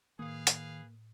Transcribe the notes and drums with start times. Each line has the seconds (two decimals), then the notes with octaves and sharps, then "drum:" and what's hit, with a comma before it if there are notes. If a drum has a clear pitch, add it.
0.19 A2 D#3 A#3 G#4 B4 F5 D#6 G#6
0.47 drum: hi-hat